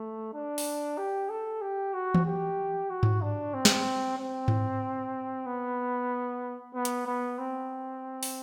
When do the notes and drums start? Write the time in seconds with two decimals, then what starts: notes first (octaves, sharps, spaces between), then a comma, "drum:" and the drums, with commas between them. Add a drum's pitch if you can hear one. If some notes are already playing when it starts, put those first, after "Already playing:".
Already playing: A3
0.34 D4
0.58 drum: open hi-hat
0.98 G4
1.29 A4
1.61 G4
1.94 F#4
2.15 drum: tom E3
2.26 G4
2.90 F#4
3.03 drum: tom G#2
3.22 D4
3.54 C4
3.65 drum: snare
4.18 C4
4.48 drum: tom G#2
5.46 B3
6.75 B3
6.85 drum: hi-hat
7.07 B3
7.39 C4
8.23 drum: open hi-hat